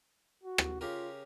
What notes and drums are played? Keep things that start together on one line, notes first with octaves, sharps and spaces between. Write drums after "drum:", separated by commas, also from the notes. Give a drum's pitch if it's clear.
F#4
drum: rim click
C#3 F4 G4 A#4